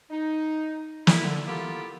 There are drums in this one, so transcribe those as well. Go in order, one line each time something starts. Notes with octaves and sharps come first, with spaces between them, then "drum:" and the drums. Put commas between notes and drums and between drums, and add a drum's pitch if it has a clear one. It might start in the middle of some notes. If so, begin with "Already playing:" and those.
D#4
E4, drum: snare
D3
A#3 B3 E4 F4 G4 A4